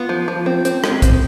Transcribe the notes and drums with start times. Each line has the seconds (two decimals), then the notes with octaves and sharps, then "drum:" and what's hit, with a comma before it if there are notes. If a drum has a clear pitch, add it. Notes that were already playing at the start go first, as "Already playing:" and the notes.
Already playing: B3 F4
0.09 F3
0.28 F3
0.46 C4
0.65 C4, drum: hi-hat
0.84 G#3, drum: rim click
1.02 C4, drum: kick, hi-hat